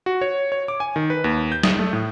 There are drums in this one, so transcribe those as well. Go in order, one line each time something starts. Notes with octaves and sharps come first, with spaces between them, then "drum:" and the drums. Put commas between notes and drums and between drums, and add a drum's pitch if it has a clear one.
F#4
C#5
C#5
D6
G#5
D#3
B4
D#2
G6
D#6, drum: snare
A3
A2